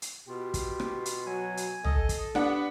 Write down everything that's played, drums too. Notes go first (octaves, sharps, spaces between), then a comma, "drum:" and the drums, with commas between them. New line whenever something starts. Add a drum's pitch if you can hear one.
drum: hi-hat
B2 F4 G4
drum: kick, hi-hat
drum: rim click
drum: hi-hat
F#3 G#5
drum: hi-hat
A4 D#5, drum: tom
drum: kick, hi-hat
B3 D4 G4 F#5, drum: rim click